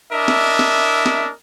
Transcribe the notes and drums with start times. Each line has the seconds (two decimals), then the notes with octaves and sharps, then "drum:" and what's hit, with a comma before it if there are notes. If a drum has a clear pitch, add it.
0.13 D4 E4 A#4 D#5 E5
0.28 drum: snare
0.59 drum: snare
1.06 drum: snare